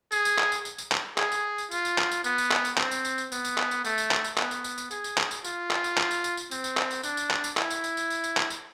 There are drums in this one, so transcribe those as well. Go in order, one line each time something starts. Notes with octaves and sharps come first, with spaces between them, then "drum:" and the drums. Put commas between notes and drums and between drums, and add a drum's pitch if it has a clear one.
G#4, drum: tambourine
drum: tambourine
drum: clap
drum: tambourine
drum: tambourine
drum: tambourine
drum: clap
G#4, drum: clap
drum: tambourine
drum: tambourine
F4, drum: tambourine
drum: tambourine
drum: clap
drum: tambourine
B3, drum: tambourine
drum: tambourine
drum: clap
drum: tambourine
C4, drum: clap
drum: tambourine
drum: tambourine
drum: tambourine
B3, drum: tambourine
drum: tambourine
drum: clap
drum: tambourine
A3, drum: tambourine
drum: tambourine
drum: clap
drum: tambourine
B3, drum: clap
drum: tambourine
drum: tambourine
drum: tambourine
G#4, drum: tambourine
drum: tambourine
drum: clap
drum: tambourine
F4, drum: tambourine
drum: clap
drum: tambourine
drum: clap
drum: tambourine
drum: tambourine
drum: tambourine
C4, drum: tambourine
drum: tambourine
drum: clap
drum: tambourine
D4, drum: tambourine
drum: tambourine
drum: clap
drum: tambourine
E4, drum: clap
drum: tambourine
drum: tambourine
drum: tambourine
drum: tambourine
drum: tambourine
drum: clap
drum: tambourine